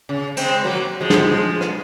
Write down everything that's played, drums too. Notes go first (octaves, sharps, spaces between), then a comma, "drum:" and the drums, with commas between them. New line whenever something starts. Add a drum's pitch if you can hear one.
C#3
G#3 C4, drum: cymbal
F#3 A#3
F3 G#3
drum: snare
F3 G#3
drum: rim click